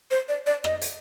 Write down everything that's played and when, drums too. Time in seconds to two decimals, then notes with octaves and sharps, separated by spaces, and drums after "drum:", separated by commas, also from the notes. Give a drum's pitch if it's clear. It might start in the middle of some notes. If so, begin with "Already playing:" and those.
0.11 C5
0.28 D5
0.46 D5
0.64 D#5, drum: rim click
0.81 drum: hi-hat